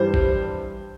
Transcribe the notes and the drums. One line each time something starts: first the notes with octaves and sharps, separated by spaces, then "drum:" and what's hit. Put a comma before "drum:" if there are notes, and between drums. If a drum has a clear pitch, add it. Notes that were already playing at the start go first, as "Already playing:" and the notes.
Already playing: G2 E3 G3 C5
drum: kick